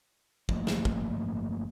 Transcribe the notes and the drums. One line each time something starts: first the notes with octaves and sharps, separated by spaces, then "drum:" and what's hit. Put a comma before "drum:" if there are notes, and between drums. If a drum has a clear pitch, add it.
G1 F3 A3 A#3, drum: kick
drum: snare
drum: kick